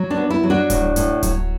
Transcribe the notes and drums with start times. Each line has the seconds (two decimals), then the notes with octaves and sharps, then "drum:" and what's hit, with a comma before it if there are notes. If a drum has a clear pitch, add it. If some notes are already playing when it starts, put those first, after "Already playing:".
Already playing: F#3
0.10 D4
0.17 B3
0.30 E4
0.43 F#3
0.50 D4 F#4
0.70 A2, drum: kick D1, hi-hat
0.96 A2, drum: hi-hat
1.23 F#3, drum: kick D1, hi-hat